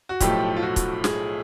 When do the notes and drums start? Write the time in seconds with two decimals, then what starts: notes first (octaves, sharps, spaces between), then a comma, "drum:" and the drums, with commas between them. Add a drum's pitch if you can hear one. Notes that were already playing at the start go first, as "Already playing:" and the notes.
0.09 F#4
0.20 B1 A2 F3 A3 G4, drum: kick, hi-hat
0.57 F4
0.62 F#4
0.76 drum: kick, hi-hat
1.04 G#4, drum: snare